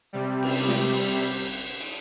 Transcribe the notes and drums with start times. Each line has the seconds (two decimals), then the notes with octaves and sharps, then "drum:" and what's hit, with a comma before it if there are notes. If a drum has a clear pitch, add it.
0.13 C3 G3
0.43 drum: cymbal
0.68 drum: snare
1.81 drum: cymbal